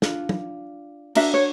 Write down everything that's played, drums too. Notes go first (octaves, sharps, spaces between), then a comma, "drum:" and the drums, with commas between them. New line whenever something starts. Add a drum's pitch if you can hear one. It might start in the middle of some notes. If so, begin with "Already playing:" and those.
D4 F4, drum: snare
drum: tom
D4 F#4 A#4 E5, drum: cymbal
C#5